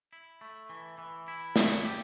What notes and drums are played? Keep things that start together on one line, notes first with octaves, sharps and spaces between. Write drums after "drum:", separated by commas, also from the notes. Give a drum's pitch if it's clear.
E4
A3
E3
E3
E4
A3, drum: snare
G4